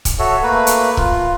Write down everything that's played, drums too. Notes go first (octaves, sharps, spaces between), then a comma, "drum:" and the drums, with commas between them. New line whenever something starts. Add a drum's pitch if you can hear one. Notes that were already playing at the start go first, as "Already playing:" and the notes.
drum: kick, hi-hat
F#4 A4 C#5 E5
A3 A#3 B4
drum: hi-hat
F4, drum: kick